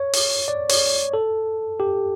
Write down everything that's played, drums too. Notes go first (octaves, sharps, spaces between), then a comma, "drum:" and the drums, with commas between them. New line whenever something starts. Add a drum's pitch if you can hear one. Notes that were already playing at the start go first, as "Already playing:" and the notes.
Already playing: C#5
drum: open hi-hat
D5
C#5, drum: open hi-hat
A4
G4